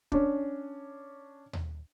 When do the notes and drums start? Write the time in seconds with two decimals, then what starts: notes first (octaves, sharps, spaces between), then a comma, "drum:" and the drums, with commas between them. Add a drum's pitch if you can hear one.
0.12 C#4 D4, drum: kick
1.53 drum: tom D#2